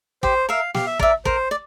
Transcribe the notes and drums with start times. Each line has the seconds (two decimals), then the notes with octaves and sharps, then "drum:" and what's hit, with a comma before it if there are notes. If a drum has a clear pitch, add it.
0.23 G4 C5, drum: kick
0.49 A#4 E5 F5
0.74 G4 F5, drum: snare
0.87 E5
0.99 A#4 D5 E5, drum: kick
1.25 A#4 C5, drum: kick
1.51 D5